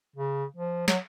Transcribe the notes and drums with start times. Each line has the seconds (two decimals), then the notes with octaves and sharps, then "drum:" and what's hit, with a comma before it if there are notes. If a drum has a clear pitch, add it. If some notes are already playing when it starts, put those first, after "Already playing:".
0.16 C#3
0.57 F3
0.88 F#3, drum: snare